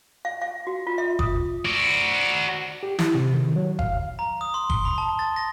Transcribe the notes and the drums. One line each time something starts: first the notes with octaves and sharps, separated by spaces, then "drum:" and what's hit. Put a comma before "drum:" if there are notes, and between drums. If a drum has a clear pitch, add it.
F5
F5
F#4
F4
E5
D#6, drum: kick F#1
F#4 D5
G4
E4, drum: snare
C3
D#3
F#3
F5, drum: kick F#1
A#5
D#6
C6
G7, drum: kick F#1
B5
A5
A6
A#6